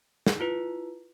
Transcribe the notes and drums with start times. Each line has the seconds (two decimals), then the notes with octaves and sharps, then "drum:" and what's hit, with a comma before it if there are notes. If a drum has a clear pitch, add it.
0.27 drum: snare
0.40 E4 F4 B4